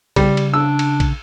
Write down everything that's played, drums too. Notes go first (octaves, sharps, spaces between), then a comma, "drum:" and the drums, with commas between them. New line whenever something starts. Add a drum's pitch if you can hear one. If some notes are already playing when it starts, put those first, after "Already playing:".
C#3 G3, drum: kick, cymbal
drum: cymbal
D4 E6
drum: cymbal
drum: kick, cymbal